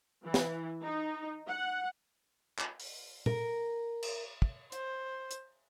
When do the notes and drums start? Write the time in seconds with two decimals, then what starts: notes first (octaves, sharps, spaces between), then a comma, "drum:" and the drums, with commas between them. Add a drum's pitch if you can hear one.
0.24 E3
0.34 drum: snare
0.83 D#4
1.49 F#5
2.59 drum: clap
2.80 drum: open hi-hat
3.26 A#4, drum: tom A#2
4.03 drum: cymbal
4.42 drum: kick
4.72 C5, drum: hi-hat
5.31 drum: hi-hat